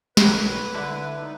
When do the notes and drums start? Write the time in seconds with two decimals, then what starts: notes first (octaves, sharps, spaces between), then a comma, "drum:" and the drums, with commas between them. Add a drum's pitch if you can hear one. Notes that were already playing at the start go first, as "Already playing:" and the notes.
0.17 F#3 A#3 G4 B4, drum: snare
0.34 B1
0.74 D3 E4
1.20 G#3 B3 D#4